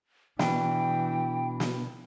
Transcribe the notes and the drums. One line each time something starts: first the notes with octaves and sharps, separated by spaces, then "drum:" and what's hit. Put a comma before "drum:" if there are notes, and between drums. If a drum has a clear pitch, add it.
B2 E3 D4 G5, drum: snare
drum: snare